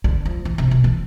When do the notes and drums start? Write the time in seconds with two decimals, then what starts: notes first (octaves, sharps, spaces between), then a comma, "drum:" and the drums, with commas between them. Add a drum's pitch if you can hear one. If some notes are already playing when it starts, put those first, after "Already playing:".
0.04 D3, drum: kick G#1
0.25 F3
0.45 E3
0.58 C3
0.71 B2
0.84 E3